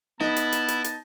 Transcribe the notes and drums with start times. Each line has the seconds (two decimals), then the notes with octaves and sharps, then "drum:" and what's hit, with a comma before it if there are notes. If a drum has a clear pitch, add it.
0.20 B3 D#4 E4 A5, drum: snare
0.36 drum: hi-hat
0.52 drum: hi-hat
0.68 drum: hi-hat
0.84 drum: hi-hat